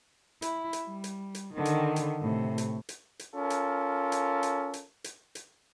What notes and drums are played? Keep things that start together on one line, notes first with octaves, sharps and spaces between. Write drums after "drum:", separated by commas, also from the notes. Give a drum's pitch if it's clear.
E4, drum: hi-hat
drum: hi-hat
G3
drum: hi-hat
drum: hi-hat
D3 D#3
drum: hi-hat
drum: hi-hat
A2 C3
drum: hi-hat
drum: hi-hat
drum: hi-hat
C#4 F4 A4 A#4
drum: hi-hat
drum: hi-hat
drum: hi-hat
drum: hi-hat
drum: hi-hat
drum: hi-hat